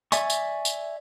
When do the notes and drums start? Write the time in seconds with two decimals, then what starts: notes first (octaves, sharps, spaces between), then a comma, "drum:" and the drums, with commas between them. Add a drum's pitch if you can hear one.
0.12 D5 E5 G#5 C#6, drum: tambourine
0.30 drum: tambourine
0.65 drum: tambourine